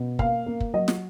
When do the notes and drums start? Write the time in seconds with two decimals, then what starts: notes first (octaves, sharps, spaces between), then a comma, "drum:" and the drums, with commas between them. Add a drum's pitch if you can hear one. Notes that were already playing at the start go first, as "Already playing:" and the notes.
Already playing: B2
0.19 A#3 F5, drum: kick
0.46 A#3
0.60 drum: kick
0.74 F#3 D#5
0.88 drum: snare